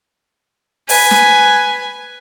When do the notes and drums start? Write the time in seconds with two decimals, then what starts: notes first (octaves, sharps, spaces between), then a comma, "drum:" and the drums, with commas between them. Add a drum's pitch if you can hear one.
0.89 B4 G#5, drum: open hi-hat
1.11 drum: snare